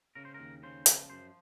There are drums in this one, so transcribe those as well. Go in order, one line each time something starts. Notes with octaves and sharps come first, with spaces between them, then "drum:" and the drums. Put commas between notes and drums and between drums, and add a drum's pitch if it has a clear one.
C#3 A#4
C5
D#2 A#4
C#3 C5
F3, drum: hi-hat
F#2 C5